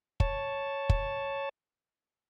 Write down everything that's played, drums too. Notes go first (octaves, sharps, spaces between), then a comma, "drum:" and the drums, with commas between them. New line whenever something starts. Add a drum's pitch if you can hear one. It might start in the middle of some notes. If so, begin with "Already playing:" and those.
C#5 A5, drum: kick
drum: kick